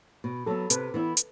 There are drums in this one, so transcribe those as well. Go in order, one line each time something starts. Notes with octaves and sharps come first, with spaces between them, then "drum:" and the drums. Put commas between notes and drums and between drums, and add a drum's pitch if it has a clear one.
B2
F#3 B3 A4
C3 B4, drum: hi-hat
E3 B3 E4
drum: hi-hat